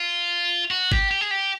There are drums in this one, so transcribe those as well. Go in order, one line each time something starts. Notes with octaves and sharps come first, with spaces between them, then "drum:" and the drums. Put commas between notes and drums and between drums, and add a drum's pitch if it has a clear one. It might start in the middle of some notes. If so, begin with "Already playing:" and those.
Already playing: F4
F#4
G4, drum: kick G#1
G4
G#4
G4